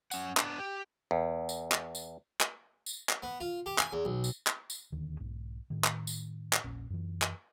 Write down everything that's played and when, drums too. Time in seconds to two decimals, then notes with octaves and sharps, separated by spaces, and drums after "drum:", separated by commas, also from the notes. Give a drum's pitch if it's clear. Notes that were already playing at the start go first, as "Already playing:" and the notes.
0.11 C#4 F#5, drum: tambourine
0.37 B3 D4, drum: clap
0.59 G4
1.11 E2
1.49 drum: tambourine
1.72 drum: clap
1.95 drum: tambourine
2.41 drum: clap
2.86 drum: tambourine
3.09 drum: clap
3.23 B3
3.40 F4
3.66 G4
3.78 G#5, drum: clap
3.93 E2
4.05 B1
4.24 drum: tambourine
4.47 drum: clap
4.70 drum: tambourine
4.92 D1 D#2 D3 D#3
5.20 B1 G#2
5.70 A2 D#3
5.84 drum: clap
6.07 drum: tambourine
6.53 drum: clap
6.64 E1 A#1 C#4
6.90 F#2 E3
7.22 drum: clap